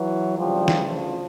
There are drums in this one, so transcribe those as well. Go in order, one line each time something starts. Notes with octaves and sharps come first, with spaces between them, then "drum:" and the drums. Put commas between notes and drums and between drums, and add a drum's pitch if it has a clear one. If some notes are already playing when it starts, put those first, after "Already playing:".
Already playing: E3 F#3
D2 C#3 E3 F3 G3
drum: snare
F3